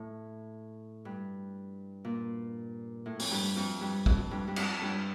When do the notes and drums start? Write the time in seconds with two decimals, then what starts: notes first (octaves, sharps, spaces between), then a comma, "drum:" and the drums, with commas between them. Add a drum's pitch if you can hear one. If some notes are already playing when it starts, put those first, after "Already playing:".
Already playing: A2
1.05 G2
2.04 A#2
3.06 A2
3.19 F2, drum: open hi-hat
3.31 G2
3.56 F2
3.81 G2
4.06 F2, drum: kick
4.31 G2
4.48 G2
4.56 F2, drum: cymbal
4.82 G2